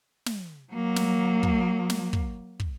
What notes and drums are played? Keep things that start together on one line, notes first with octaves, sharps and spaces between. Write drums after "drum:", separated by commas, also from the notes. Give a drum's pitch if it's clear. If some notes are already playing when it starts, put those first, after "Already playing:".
drum: snare
F#3 A#3
drum: snare
drum: kick
drum: snare
drum: kick
drum: kick